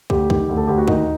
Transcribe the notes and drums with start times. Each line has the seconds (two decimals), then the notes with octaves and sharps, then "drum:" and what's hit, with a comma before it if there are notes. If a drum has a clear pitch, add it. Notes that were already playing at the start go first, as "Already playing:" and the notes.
0.10 D2 G4, drum: kick
0.30 D#3, drum: kick
0.49 D2
0.57 A4
0.67 D2 G4
0.78 F#4
0.88 D#2 D#4, drum: kick